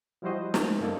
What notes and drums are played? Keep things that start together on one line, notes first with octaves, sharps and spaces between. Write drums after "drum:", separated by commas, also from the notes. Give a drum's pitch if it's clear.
F3 G3 E4 F#4 C5 D#5
drum: snare
G2 C#3 A#3 D#4 A4 D5